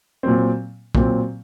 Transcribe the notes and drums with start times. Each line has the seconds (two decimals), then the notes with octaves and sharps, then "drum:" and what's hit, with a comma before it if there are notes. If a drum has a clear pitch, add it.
0.23 A#2 F#3 C4
0.95 A#2 F#3 C4, drum: kick